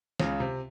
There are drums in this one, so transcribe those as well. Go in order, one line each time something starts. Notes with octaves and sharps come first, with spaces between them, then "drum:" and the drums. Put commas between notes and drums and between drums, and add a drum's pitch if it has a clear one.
C#2 C#3, drum: snare
C3